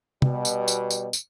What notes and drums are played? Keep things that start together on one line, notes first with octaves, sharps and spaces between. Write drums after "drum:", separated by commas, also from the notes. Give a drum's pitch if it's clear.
B2 G3, drum: tom C3
drum: tambourine
drum: tambourine
drum: tambourine
drum: tambourine